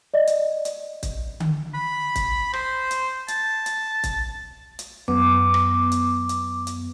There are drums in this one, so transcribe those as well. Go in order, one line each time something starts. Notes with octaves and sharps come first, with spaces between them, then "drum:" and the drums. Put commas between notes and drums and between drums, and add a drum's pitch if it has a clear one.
D5 D#5
drum: hi-hat
drum: hi-hat
drum: kick, hi-hat
drum: tom D3
B5
drum: kick, hi-hat
C5, drum: rim click
drum: hi-hat
A5, drum: hi-hat
drum: hi-hat
drum: kick, hi-hat
drum: hi-hat
F#2 B3 D6
drum: rim click
drum: hi-hat
drum: hi-hat
drum: hi-hat